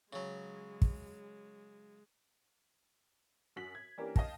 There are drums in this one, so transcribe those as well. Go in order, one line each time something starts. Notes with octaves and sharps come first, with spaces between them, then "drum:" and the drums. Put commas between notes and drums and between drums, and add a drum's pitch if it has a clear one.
C#3 F#3 G#3
drum: kick
F#2 F#4 B6 F#7
G#6
E3 A#3 C#4 D4 G4 A#4
D#5 F5 G5 A5 A#6, drum: kick